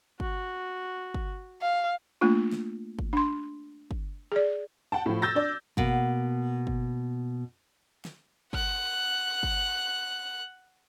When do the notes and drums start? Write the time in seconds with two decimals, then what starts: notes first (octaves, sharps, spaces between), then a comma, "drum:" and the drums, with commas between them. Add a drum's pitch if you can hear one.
0.20 F#4, drum: kick G1
1.14 drum: kick G1
1.62 F5
2.21 A3 A#3 D4 F4
2.53 drum: snare
2.99 drum: kick G1
3.13 D4 C6
3.91 drum: kick G1
4.32 G#4 D5
4.92 F#5 G5 A5
5.06 A2 F3
5.22 E6 G6 A6 A#6
5.35 D4 D5
5.77 B2 A#3, drum: kick G1
6.67 drum: kick G1
8.05 drum: snare
8.53 F#5 F#6, drum: kick G1
9.43 drum: kick G1